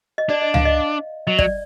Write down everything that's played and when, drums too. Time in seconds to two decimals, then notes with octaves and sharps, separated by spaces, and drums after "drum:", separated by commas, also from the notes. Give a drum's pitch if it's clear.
0.18 D#5
0.29 D4 D5
0.42 D#5
0.54 F5, drum: tom C#2
0.65 D#5
1.27 F#3 D#5
1.39 D5, drum: kick